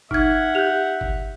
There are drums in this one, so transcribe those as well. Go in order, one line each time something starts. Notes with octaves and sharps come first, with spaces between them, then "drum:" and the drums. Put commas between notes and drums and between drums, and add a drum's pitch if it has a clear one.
D#4 E5 F#5 F6 G#6, drum: kick G1
G4 G6 F7
drum: kick G1